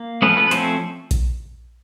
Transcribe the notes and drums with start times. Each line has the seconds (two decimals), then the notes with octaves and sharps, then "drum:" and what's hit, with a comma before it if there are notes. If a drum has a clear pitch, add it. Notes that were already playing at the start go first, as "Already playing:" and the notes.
Already playing: A#3
0.22 F3 A3 B3 C#4 B4
0.37 B3 B4
0.47 B4
0.51 F3 A3 C4 C#4 C5, drum: hi-hat
1.11 drum: kick A#1, hi-hat